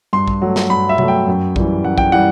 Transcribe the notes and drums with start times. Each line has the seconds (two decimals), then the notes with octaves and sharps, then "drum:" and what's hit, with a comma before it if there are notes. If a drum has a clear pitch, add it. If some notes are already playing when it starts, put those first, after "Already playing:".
0.13 G2 C6
0.28 drum: kick A#1
0.42 F#3 A3
0.56 drum: snare
0.70 G2 B5
0.89 E5
0.98 F#3 A3, drum: tom C3
1.08 G5
1.27 F#2
1.56 E3 G3, drum: kick A#1
1.84 F#2 F#5
1.98 G5, drum: kick A#1
2.12 E3 G3 F#5